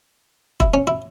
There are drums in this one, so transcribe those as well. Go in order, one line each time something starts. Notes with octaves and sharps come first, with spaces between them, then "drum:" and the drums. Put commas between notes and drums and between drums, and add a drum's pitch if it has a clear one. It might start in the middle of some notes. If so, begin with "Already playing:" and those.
E4, drum: kick E1
C#4
E4